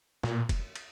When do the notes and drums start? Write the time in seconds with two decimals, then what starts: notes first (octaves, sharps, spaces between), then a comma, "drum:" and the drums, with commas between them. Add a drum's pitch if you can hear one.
0.23 A#2, drum: snare
0.49 drum: kick F1, cymbal
0.76 drum: cymbal